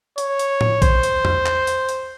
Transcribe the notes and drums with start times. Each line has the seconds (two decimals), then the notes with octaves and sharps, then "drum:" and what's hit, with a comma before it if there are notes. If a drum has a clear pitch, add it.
0.18 C#5, drum: hi-hat
0.39 drum: hi-hat
0.61 drum: tom A2
0.82 C5, drum: kick A#1, hi-hat
1.03 drum: hi-hat
1.25 drum: tom E2
1.46 drum: clap
1.67 drum: hi-hat
1.89 drum: hi-hat